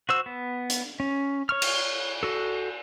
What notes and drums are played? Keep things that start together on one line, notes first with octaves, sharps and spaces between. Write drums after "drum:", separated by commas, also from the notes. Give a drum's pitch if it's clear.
F#4 C5 E6
B3
drum: hi-hat
C#4
C#5 C#6 F6
drum: cymbal
F#4 A4